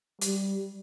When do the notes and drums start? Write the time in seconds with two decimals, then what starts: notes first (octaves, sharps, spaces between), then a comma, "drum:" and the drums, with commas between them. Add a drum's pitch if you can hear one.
0.21 G3, drum: hi-hat